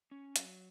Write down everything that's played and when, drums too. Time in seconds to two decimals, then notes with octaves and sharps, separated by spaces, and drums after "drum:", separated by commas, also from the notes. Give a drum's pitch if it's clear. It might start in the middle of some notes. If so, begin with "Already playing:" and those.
0.11 C#4
0.36 F#3, drum: hi-hat